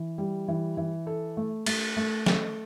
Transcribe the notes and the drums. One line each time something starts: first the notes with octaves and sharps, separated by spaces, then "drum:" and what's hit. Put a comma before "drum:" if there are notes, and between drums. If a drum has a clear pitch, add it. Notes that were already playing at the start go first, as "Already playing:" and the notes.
Already playing: E3
G3
E3
E3
A4
A3
A3, drum: cymbal
A3
A3, drum: snare